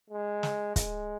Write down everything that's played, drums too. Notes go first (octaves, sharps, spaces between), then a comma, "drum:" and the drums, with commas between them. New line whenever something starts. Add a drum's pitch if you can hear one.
G#3
drum: snare
G#3, drum: kick, hi-hat